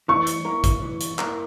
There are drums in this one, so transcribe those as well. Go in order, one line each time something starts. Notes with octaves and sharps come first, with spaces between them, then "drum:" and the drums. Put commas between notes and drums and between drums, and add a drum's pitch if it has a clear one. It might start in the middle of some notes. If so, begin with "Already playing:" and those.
E3 C#6
drum: hi-hat
A#3 E4 A#4
drum: kick, hi-hat
E3
drum: hi-hat
A#3 E4 A#4, drum: clap